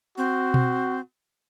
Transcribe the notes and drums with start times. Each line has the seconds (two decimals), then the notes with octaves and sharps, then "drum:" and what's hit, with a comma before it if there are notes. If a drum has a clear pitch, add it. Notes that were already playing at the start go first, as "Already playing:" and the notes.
0.18 C4 F#4
0.54 drum: tom B2